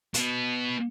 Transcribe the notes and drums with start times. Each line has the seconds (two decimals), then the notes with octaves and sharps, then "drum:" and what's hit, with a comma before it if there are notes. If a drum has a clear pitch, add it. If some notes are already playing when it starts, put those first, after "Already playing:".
0.14 B2 B3, drum: hi-hat